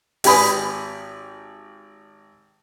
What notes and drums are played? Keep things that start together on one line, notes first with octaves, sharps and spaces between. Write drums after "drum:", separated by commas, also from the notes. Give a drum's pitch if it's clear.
G#1 G4 G#5 B5 D#6, drum: open hi-hat